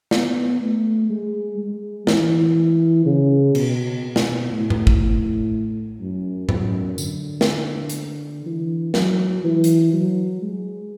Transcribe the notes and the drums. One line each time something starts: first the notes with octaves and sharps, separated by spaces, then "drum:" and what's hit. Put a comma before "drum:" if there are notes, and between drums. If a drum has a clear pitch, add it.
B3, drum: snare
A3
G#3
G#3
E3, drum: snare
C#3
B2, drum: cymbal
B2
drum: snare
A2
drum: tom G#2
drum: kick G#1
F#2
F#2, drum: tom G#2
D3, drum: tambourine
drum: snare
drum: hi-hat
E3
F#3, drum: snare
E3
drum: hi-hat
F#3
G#3